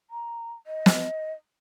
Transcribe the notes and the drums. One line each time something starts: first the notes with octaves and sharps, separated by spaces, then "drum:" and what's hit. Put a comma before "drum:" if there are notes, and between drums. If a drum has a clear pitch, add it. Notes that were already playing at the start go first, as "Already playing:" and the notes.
A#5
D#5
drum: snare